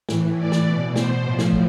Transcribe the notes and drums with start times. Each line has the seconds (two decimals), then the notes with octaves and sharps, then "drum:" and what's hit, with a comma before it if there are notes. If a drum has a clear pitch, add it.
0.09 A2 E3, drum: snare
0.38 D5
0.52 drum: snare
0.67 B2
0.96 C5, drum: snare
1.24 A2 F3
1.39 drum: snare
1.53 drum: kick